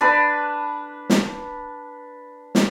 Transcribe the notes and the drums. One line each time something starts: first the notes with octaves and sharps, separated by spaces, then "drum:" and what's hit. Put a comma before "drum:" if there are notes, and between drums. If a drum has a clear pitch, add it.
D4 B4
drum: snare
drum: snare